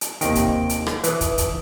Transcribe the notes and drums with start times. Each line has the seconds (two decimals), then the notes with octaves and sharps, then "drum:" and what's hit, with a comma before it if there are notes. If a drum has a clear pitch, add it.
0.01 drum: hi-hat
0.21 D#2 C3 D#3 D#5 G5, drum: hi-hat
0.35 drum: kick, hi-hat
0.69 drum: hi-hat
0.87 drum: rim click
1.04 E3 B4 D#6, drum: hi-hat
1.21 drum: kick, hi-hat
1.38 drum: kick, hi-hat